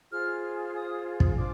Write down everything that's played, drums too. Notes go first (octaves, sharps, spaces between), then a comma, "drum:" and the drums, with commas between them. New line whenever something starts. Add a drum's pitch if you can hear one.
F4 G#4 C5 F6
D#6
drum: kick
D4 F4 C5 D6